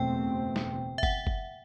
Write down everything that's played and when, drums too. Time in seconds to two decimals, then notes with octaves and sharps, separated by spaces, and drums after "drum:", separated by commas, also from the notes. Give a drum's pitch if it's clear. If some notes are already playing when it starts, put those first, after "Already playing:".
Already playing: F#1 E2 B2 A3 C4 G5
0.56 drum: snare
0.98 E5
1.03 F#5, drum: kick F#1
1.27 drum: kick F#1